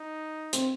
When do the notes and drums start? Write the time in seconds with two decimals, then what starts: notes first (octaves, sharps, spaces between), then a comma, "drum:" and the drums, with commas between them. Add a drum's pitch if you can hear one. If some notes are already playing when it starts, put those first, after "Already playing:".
Already playing: D#4
0.53 C4, drum: hi-hat